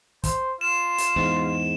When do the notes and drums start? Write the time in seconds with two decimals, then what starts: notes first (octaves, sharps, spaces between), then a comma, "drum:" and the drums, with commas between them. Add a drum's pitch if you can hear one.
0.24 C5, drum: kick, hi-hat
0.61 F4 E7
0.98 drum: hi-hat
1.16 E2 G#2